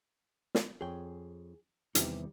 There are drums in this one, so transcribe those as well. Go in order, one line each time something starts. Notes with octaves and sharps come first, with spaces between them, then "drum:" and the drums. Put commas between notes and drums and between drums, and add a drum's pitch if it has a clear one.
drum: snare
F2 G#4 C#5 G5 G#5
E2 C3 D#3 E3 G3 D#4, drum: hi-hat